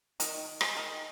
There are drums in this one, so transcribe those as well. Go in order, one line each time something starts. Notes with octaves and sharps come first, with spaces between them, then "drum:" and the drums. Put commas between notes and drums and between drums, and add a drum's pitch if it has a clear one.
D#3, drum: hi-hat
G#3, drum: rim click
D#3